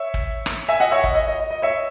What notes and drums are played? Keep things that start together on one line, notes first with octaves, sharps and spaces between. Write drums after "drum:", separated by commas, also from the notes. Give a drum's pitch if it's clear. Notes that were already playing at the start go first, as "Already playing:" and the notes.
Already playing: C#5 E5
drum: kick
drum: rim click
E5 G#5
D#5 F#5
C#5 E5
D#5, drum: kick
D#5
D#5
D#5
D#5
C#5 E5